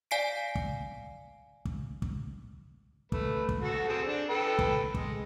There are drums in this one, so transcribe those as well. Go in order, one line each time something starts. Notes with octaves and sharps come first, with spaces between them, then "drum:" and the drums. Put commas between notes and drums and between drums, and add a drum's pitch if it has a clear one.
D5 F5 G#5 B6 C7 D7
drum: kick
drum: kick
drum: kick
A3 B4, drum: kick
drum: kick
F#4 A4
C4 G#4 A4
D4
A4 B4 G5
drum: kick
G#3, drum: kick